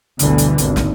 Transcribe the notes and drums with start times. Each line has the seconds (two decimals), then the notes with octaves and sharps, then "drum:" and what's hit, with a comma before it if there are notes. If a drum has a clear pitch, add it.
0.19 G1 D2 B2 D3 E3, drum: hi-hat
0.38 drum: hi-hat
0.58 G#1 D#2, drum: hi-hat
0.76 drum: snare